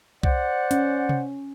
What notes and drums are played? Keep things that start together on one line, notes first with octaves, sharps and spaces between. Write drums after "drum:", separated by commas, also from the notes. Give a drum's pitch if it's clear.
C5 D5 F#5, drum: kick C2
C#4, drum: hi-hat
drum: tom C3